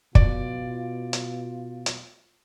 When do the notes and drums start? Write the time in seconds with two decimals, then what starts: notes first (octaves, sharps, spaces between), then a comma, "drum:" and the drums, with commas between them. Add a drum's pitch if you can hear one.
0.15 B2 F4 D5, drum: kick
1.13 drum: hi-hat
1.86 drum: hi-hat